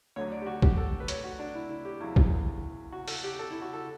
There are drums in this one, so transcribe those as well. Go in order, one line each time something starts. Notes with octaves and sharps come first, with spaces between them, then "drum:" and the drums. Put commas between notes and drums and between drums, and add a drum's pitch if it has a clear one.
D2 D3 F#3 C#5
D5
G4
F#4
G4, drum: kick
A4
B4
C#5, drum: hi-hat
F#4
D4
E4
E4
G4
E2 C#3 F#3 E4
drum: kick
F#4
A4, drum: open hi-hat
G4
A4
E4
F#4
A4